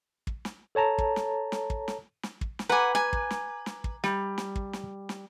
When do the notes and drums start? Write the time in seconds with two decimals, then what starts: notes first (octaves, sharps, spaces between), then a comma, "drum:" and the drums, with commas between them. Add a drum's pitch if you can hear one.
0.27 drum: kick
0.45 drum: snare
0.75 A4 C#5 A5 A#5
0.98 drum: kick
1.16 drum: snare
1.52 drum: snare
1.70 drum: kick
1.88 drum: snare
2.23 drum: snare
2.41 drum: kick
2.59 drum: snare
2.69 B4 F#5 G#5 A#5 D6
2.95 G#5, drum: snare
3.13 drum: kick
3.31 drum: snare
3.66 drum: snare
3.84 drum: kick
4.04 G3, drum: snare
4.38 drum: snare
4.56 drum: kick
4.73 drum: snare
5.09 drum: snare